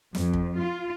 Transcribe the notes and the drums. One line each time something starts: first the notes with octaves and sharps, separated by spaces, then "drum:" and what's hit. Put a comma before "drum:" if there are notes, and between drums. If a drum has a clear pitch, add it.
F2, drum: snare
drum: kick
F4